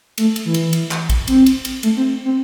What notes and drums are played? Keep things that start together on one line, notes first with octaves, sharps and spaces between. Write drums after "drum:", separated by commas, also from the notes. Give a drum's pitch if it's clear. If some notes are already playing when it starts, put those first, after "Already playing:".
A3, drum: cymbal
drum: cymbal
E3
drum: cymbal
drum: cymbal
drum: clap
drum: kick, cymbal
C4, drum: cymbal
drum: cymbal
drum: cymbal
A3, drum: cymbal
C4
C4